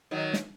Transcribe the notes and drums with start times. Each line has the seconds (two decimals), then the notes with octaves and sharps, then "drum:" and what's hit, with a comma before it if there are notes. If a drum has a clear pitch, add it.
0.11 D#3 F#3
0.34 drum: snare